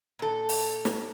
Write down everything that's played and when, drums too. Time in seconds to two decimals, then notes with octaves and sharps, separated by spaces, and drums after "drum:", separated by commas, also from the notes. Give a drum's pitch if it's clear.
0.19 A#2 A4
0.49 drum: open hi-hat
0.85 drum: snare